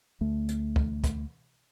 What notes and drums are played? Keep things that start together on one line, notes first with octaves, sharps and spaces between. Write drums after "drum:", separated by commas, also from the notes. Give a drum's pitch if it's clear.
D2 A3
drum: hi-hat
drum: kick
drum: kick, hi-hat